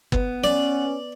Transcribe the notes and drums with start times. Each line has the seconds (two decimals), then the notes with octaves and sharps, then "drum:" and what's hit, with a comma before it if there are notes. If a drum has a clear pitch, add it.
0.12 B3, drum: kick
0.44 C#4 D5